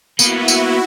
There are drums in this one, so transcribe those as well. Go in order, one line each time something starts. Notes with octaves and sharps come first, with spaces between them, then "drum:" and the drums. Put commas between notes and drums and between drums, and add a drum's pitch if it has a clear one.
A#3 B3 E4 F#4, drum: tambourine
drum: tambourine